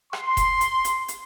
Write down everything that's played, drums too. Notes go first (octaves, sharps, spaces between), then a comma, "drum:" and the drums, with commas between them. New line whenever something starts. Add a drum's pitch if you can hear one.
C6, drum: rim click
drum: kick E1, hi-hat
drum: hi-hat
drum: hi-hat
drum: hi-hat